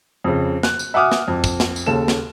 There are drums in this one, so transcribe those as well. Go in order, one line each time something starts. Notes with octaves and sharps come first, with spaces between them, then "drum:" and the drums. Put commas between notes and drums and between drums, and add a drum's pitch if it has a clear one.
F2 C#3
F#6, drum: snare
drum: tambourine
E5 F#5 G#5 D6 D#6 F6
drum: snare
F2
drum: kick, tambourine
drum: snare
drum: tambourine
D#2 C#3 A4 E7
drum: snare